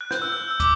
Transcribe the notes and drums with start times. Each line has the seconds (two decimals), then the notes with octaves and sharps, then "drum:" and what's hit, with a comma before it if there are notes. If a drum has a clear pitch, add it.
0.01 F#6
0.11 G6, drum: snare
0.22 E6
0.32 E6
0.51 E6
0.60 D6, drum: kick, hi-hat